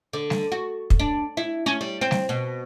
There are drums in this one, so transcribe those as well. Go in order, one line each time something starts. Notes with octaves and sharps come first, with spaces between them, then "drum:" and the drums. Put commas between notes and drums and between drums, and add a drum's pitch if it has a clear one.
D3
drum: snare G3
F#4
drum: kick
D4
E4
C#4
G3
C4
drum: snare G3
B2